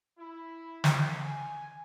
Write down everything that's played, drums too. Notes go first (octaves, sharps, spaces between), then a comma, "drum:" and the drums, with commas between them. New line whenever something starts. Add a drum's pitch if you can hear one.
E4
drum: snare
G#5